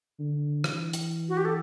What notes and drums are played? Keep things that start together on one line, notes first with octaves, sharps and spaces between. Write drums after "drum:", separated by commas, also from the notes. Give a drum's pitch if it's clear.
D3
E3, drum: rim click
drum: hi-hat
F#4
G4
A4